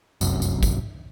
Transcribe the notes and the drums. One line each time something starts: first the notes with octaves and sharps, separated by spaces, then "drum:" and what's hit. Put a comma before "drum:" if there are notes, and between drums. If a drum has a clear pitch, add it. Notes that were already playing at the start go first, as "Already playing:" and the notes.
F1 C2 F#2, drum: tambourine
drum: tambourine
drum: kick, tambourine